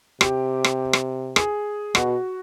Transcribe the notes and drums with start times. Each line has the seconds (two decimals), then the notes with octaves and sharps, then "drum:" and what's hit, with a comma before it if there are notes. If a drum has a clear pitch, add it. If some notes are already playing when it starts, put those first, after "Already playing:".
0.21 C3 G4, drum: rim click
0.64 drum: rim click
0.93 drum: rim click
1.36 G#4, drum: rim click
1.95 B2 F#4, drum: rim click